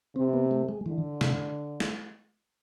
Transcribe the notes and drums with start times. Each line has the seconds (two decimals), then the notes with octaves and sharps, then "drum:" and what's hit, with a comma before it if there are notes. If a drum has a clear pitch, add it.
0.16 C3 C4
0.34 B3
0.51 A3
0.69 G#3
0.86 D3 E3
1.21 C3, drum: snare
1.80 drum: snare